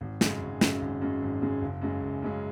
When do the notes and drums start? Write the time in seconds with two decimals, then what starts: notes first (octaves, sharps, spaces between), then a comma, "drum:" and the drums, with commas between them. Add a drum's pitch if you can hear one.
0.01 G#1
0.21 F#2 C#3 G#3, drum: snare
0.42 G#1
0.61 F#2 C#3 G#3, drum: snare
0.82 G#1
1.01 F#2 C#3 G#3
1.22 G#1
1.42 F#2 C#3 G#3
1.61 F#1
1.82 F#2 C#3 G#3
2.02 F#1
2.22 F#2 C#3 G#3